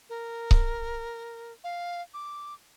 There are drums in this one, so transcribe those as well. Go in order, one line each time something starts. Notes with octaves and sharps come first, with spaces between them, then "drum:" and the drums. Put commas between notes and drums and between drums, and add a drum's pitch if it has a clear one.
A#4
drum: kick C#1
F5
D6